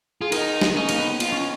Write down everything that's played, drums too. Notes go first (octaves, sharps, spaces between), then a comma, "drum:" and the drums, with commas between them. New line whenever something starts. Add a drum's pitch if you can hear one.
F4 G#4
D#4 A#4, drum: cymbal
drum: snare
C#4 D#4
A#3, drum: cymbal
B3
F4, drum: cymbal
C#4